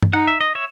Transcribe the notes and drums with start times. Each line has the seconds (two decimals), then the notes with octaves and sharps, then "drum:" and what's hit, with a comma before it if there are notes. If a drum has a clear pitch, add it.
0.02 drum: tom G2
0.13 D#4 F#5
0.27 E5
0.41 D#5
0.55 C#5 E5